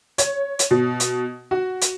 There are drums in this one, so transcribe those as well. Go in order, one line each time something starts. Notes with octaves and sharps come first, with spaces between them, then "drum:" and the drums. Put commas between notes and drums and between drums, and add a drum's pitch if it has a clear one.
C#5, drum: hi-hat
drum: hi-hat
B2
drum: hi-hat
F#4
drum: hi-hat